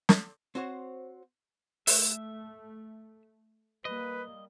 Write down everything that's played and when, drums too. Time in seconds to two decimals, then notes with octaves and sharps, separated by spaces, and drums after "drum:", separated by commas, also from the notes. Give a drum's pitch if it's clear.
0.09 drum: snare
0.55 C4 F#4 C5 C#5
1.87 A3 E5, drum: open hi-hat
3.85 G3 A#3 B4 D#5